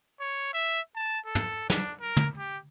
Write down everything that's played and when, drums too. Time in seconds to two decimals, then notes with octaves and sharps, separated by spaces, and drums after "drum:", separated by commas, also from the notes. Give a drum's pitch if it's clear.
0.20 C#5
0.54 E5
0.96 A5
1.26 A4
1.35 drum: tom
1.70 D4, drum: snare
2.01 A#4
2.17 drum: tom
2.37 G4